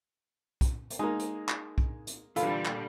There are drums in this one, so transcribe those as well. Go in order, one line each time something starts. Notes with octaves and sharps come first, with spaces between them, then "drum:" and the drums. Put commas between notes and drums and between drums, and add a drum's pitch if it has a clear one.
drum: kick, hi-hat
drum: hi-hat
G#3 A#3 D#4 G#5
drum: hi-hat
drum: clap
drum: kick
drum: hi-hat
A#2 D3 E3 G3 F4 A4 F5 B5, drum: hi-hat
drum: clap